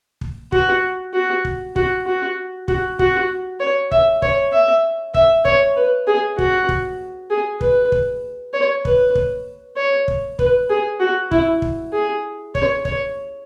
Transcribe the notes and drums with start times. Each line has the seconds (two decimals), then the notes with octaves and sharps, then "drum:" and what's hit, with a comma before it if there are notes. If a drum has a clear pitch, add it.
0.21 drum: kick
0.52 F#4, drum: kick
1.14 F#4
1.45 drum: kick
1.76 F#4, drum: kick
2.06 F#4
2.68 F#4, drum: kick
2.99 F#4, drum: kick
3.60 C#5
3.91 E5, drum: kick
4.22 C#5, drum: kick
4.52 E5
5.14 E5, drum: kick
5.45 C#5, drum: kick
5.77 B4
6.07 G#4
6.38 F#4, drum: kick
6.69 drum: kick
7.30 G#4
7.61 B4, drum: kick
7.92 drum: kick
8.53 C#5
8.85 B4, drum: kick
9.15 drum: kick
9.76 C#5
10.08 drum: kick
10.39 B4, drum: kick
10.70 G#4
11.00 F#4
11.31 E4, drum: kick
11.62 drum: kick
11.93 G#4
12.55 C#5, drum: kick
12.85 C#5, drum: kick